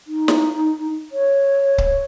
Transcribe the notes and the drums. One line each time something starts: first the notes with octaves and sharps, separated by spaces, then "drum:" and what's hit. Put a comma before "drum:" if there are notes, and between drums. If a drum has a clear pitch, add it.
D#4
drum: snare
C#5
drum: kick C#1